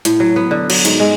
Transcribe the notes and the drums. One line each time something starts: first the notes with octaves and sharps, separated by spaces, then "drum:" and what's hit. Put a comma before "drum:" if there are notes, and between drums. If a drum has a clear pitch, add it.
A2, drum: hi-hat
F#3
B3
D3
F#3, drum: cymbal
G#2, drum: hi-hat
G#3